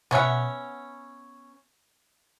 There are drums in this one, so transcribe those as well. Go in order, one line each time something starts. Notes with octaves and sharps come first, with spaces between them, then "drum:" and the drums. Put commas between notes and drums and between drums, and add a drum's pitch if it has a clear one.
B3 C#4 E5 F#5, drum: tom B2